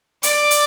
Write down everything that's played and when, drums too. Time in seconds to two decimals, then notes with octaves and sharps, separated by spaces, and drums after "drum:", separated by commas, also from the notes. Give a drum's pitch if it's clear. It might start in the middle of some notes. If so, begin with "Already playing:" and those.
0.23 D5, drum: hi-hat
0.51 drum: hi-hat